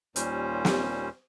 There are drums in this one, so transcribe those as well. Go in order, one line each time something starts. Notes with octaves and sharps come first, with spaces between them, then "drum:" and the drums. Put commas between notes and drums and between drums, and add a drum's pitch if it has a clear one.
D#2 A#2 G3 C#4 C5, drum: hi-hat
drum: snare